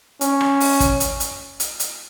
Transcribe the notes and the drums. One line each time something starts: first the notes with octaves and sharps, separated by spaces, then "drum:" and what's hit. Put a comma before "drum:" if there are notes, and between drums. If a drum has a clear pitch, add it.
C#4, drum: hi-hat
drum: rim click
drum: open hi-hat
drum: kick, hi-hat
drum: hi-hat
drum: hi-hat
drum: hi-hat
drum: hi-hat